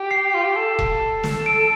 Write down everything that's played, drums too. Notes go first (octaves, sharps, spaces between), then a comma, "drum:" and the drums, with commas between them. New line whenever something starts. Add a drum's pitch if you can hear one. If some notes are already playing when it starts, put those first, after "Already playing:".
Already playing: G4
C7
F4
G4
A4
drum: kick E1
drum: snare
D7